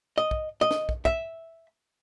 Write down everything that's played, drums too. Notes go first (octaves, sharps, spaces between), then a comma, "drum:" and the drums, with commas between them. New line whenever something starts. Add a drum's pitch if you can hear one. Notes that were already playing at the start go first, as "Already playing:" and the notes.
D#5
drum: kick
D#5
drum: snare
drum: kick
E5, drum: kick